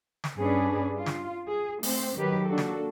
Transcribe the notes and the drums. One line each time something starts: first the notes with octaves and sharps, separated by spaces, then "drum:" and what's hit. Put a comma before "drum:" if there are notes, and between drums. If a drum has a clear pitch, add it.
drum: snare
G2 C#4 D4 G#4 B4
F4
drum: snare
G#4
A3 C4 C5, drum: open hi-hat
D#3 F#3 G4 B4
A#3 D4 F#4 A4
drum: snare